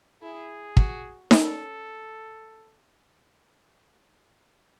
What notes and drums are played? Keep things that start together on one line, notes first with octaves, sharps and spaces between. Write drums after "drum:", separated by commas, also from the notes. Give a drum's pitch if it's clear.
E4 G#4
F#4, drum: kick
C#4 A4, drum: snare D#4